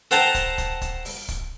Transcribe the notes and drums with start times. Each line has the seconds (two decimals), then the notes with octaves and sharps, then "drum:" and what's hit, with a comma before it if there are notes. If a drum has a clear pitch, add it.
0.11 A4 C5 F#5 G5 A5 A#5, drum: hi-hat
0.34 drum: kick, hi-hat
0.58 drum: kick, hi-hat
0.81 drum: kick, hi-hat
1.05 drum: open hi-hat
1.28 drum: kick, hi-hat